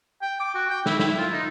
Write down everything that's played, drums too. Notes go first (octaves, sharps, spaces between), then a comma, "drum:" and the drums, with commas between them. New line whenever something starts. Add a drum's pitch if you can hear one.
G5
D6
F#4
G5
E4, drum: snare
E4, drum: snare
F4
D#4